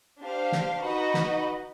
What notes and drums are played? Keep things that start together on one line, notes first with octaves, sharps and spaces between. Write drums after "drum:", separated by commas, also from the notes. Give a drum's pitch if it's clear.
D4 G4 C5 F5
drum: snare
D#4 F#4 B4 D#5 F#5
drum: snare